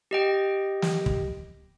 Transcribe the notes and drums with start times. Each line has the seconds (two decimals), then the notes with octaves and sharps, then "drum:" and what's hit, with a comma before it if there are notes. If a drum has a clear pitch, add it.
0.11 G4 D#5 G5
0.82 drum: snare
1.06 drum: kick